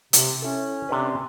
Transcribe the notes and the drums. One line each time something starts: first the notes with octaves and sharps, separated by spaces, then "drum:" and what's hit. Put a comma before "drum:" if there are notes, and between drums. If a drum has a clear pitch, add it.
C3, drum: hi-hat
C#4 E4 A4
C3 D4 B4